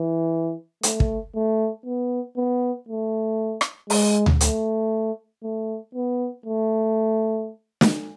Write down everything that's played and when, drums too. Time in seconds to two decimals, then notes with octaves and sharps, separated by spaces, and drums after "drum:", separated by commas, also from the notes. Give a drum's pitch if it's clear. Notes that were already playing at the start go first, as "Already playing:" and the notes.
Already playing: E3
0.83 A3, drum: hi-hat
1.00 drum: kick
1.35 A3
1.86 B3
2.37 B3
2.88 A3
3.61 drum: rim click
3.90 G#3, drum: open hi-hat
4.26 drum: tom D2
4.41 A3, drum: hi-hat
5.43 A3
5.95 B3
6.46 A3
7.81 drum: snare